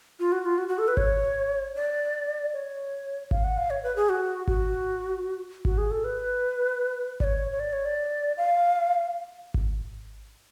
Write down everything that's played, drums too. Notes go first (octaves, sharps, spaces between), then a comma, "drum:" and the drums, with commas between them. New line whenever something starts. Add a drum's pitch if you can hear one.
F4
F#4
F4
F#4
F#4
A4
B4
C#5, drum: kick G#1
D5
C#5
F5, drum: kick G#1
F#5
F5
C#5
B4
G#4
F#4
F#4, drum: kick G#1
F#4, drum: kick G#1
G#4
A4
B4
D5, drum: kick G#1
C#5
C#5
D5
C#5
D5
F5
drum: kick G#1